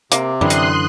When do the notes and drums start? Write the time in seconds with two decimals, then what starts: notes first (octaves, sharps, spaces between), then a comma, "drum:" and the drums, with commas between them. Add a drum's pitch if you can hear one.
0.12 C3 A#3, drum: hi-hat
0.41 F#2 D3 E3 G3 C6 D#6 F#6
0.50 drum: hi-hat